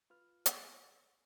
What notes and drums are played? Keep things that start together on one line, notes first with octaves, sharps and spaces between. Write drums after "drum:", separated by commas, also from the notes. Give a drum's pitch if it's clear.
F4 B4 F6
drum: hi-hat